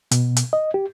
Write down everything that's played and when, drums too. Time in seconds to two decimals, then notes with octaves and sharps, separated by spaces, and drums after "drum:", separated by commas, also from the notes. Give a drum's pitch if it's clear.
0.11 B2, drum: hi-hat
0.36 drum: hi-hat
0.53 D#5
0.74 G4